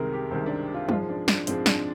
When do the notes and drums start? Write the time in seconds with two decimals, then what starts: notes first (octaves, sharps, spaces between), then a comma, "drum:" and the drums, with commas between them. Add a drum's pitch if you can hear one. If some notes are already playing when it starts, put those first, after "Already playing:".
Already playing: C2 C3 D#3 G#3 A#4
0.13 G4
0.31 C2 C3 D#3 G#3 C4
0.46 D4
0.74 F4
0.89 G#2 F3 G#3 F4, drum: tom
1.09 D4
1.28 D4, drum: snare
1.47 G#2 F3 G#3 C4, drum: hi-hat
1.66 D4, drum: snare